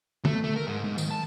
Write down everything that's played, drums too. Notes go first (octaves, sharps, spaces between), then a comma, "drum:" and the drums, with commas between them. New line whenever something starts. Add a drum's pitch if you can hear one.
A3, drum: tom
A3
A#4
G#2
G#2
D#3, drum: tambourine
A5